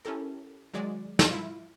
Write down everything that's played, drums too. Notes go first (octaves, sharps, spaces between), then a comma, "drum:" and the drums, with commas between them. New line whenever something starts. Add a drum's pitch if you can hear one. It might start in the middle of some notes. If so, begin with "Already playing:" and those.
C#4 E4 G4 A4 A#4
D#3 F#3 G#3 D5
drum: snare
E4 F4